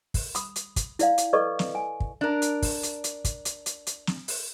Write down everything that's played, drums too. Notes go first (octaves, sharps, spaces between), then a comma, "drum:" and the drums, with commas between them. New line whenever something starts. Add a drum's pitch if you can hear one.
drum: kick, open hi-hat
B5 D#6, drum: hi-hat
drum: hi-hat
drum: kick, hi-hat
E4 D5 F5, drum: hi-hat
drum: hi-hat
A4 B4 D5 D#5 C#6
drum: snare
G#5
drum: kick
D4 A#4
drum: hi-hat
drum: kick, open hi-hat
drum: hi-hat
drum: hi-hat
drum: kick, hi-hat
drum: hi-hat
drum: hi-hat
drum: hi-hat
drum: snare
drum: open hi-hat